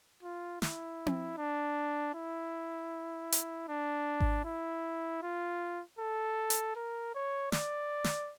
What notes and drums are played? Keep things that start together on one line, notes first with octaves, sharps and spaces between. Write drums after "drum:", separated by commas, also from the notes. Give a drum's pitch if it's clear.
F4
E4, drum: snare
drum: tom C4
D4
E4
drum: hi-hat
D4
drum: kick G#1
E4
F4
A4
drum: hi-hat
A#4
C#5
D5, drum: snare
drum: snare